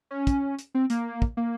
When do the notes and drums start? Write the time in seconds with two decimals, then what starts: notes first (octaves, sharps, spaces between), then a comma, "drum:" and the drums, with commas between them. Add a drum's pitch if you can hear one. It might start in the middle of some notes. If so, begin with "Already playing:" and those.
0.11 C#4
0.27 drum: kick, hi-hat
0.59 drum: hi-hat
0.75 C4
0.90 A#3, drum: hi-hat
1.22 drum: kick
1.37 A#3